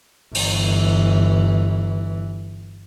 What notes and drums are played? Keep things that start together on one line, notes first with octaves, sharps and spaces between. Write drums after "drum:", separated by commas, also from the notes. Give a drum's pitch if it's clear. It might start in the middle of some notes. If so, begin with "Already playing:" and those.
G1 E3, drum: open hi-hat